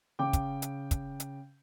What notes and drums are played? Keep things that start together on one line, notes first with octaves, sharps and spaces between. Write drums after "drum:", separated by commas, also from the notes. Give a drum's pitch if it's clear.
C#3 G5 D6
drum: kick, hi-hat
drum: hi-hat
drum: kick, hi-hat
drum: hi-hat